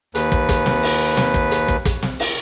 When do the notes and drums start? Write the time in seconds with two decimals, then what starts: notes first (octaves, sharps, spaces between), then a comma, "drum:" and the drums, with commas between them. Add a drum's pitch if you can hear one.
0.15 D#2 B4, drum: hi-hat
0.32 drum: kick
0.49 drum: kick, hi-hat
0.66 drum: snare
0.83 drum: open hi-hat
1.17 drum: snare
1.34 drum: kick
1.51 drum: hi-hat
1.68 drum: kick
1.85 drum: kick, hi-hat
2.02 drum: snare
2.20 drum: open hi-hat